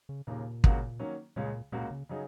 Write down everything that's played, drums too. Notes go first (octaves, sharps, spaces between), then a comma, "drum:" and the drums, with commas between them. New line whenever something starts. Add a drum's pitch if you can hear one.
C#3
D#2 A#2 C#3 A#3
C#2 C#3 A#3 F#4, drum: kick
D#3 F#3 A#3 C#4
C#2 A#2 C#3 G#3 C#4
C#2 A#2 C#3 A#3 F#4
C#3
C#3 F#3 D#4 G#4